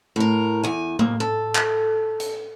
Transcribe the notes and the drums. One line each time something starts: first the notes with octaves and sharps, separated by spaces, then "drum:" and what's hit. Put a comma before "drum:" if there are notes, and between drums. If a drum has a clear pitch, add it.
A2 A#4
E2 G#5
A#3, drum: tom A2
A4
drum: clap
drum: hi-hat